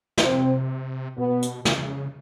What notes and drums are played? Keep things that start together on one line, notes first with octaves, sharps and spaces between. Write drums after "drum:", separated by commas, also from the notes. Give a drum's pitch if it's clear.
C#3, drum: snare
C3 C4
B2 B3
drum: hi-hat
C#3, drum: snare